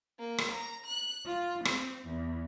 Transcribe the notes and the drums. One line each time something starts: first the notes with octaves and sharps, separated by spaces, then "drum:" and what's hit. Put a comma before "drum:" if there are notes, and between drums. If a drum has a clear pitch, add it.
A#3
drum: rim click
A#5
F#6
F4
C4, drum: rim click
E2